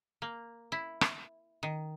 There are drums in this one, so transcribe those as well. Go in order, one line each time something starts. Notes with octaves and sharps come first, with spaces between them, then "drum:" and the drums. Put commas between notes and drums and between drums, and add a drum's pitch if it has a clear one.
A#3
E4
drum: rim click
D#3